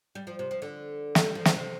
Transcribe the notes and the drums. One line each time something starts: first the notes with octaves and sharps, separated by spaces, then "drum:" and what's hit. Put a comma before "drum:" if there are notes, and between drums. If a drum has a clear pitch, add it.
G3
F3
C3
F3
D3
A3, drum: snare
G3
F3
D3, drum: snare
C3